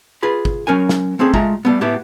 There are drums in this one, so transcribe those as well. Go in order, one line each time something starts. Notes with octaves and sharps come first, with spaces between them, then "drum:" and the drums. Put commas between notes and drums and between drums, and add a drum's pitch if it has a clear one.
F4 G#4 B4 B5
drum: kick
F#3 C#4 A#4 G#5
drum: snare
A3 C4 C#4 G#4 A4
G#3 A3 F4 E5 A#5, drum: kick
G3 A3 B3
A2 B3 G4 E5